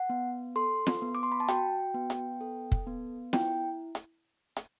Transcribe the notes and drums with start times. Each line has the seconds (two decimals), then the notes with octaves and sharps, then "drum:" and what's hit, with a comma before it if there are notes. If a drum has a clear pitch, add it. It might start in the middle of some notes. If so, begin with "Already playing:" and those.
Already playing: F#5
0.10 B3
0.56 A4 C6
0.87 drum: snare
1.02 B3
1.15 D6
1.23 C6
1.32 B5
1.40 A5
1.48 F#4 G5, drum: hi-hat
1.94 B3
2.10 drum: hi-hat
2.41 A4
2.72 drum: kick
2.87 B3
3.33 E4 G5, drum: snare
3.95 drum: hi-hat
4.56 drum: hi-hat